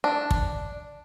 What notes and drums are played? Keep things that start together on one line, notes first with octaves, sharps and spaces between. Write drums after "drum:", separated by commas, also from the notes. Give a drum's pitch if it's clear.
D4
drum: kick